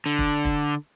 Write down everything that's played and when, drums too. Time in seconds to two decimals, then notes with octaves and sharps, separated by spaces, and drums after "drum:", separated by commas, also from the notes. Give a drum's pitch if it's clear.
0.06 D3
0.19 drum: kick
0.45 drum: kick